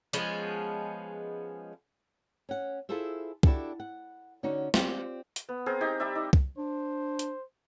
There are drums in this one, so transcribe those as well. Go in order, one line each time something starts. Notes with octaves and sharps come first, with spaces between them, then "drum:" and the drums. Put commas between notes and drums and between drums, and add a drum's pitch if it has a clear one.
F3 G#3 B3 C#4, drum: hi-hat
C#4 F#5
E4 F4 G#4 A4 C5 E5
D4 E4 F#4 G4 A4, drum: kick C2
F#5
D3 C#4 D#4 F#4
C4 F4 G4 D5, drum: snare
drum: hi-hat
B3
C4 G#4 A#4
D#4 G4 A#5
G3 G4 D5 E5
D#4
drum: kick C2
D4 C5
drum: hi-hat